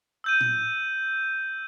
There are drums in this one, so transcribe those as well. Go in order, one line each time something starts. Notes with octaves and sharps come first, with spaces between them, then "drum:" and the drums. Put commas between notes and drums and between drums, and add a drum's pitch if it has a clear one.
E6 G6 D#7
drum: tom A#2